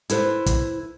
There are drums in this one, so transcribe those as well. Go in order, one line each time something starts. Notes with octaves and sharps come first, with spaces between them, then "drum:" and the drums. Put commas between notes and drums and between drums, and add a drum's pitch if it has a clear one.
E4 A4 B4 C5, drum: hi-hat
drum: kick, hi-hat